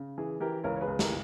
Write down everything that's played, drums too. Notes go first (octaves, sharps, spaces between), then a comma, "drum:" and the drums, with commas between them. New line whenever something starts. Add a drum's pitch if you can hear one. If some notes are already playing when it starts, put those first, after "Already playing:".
Already playing: C#3
E3 G#4
E3 G4 A#4
C#2 A#4 C#5
C#5
G#4 B4
C#2
G4 A#4, drum: snare